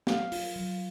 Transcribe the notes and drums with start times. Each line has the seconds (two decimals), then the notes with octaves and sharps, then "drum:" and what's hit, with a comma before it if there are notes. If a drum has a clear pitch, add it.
0.07 F#3 F5, drum: snare
0.32 F4, drum: open hi-hat
0.56 F#3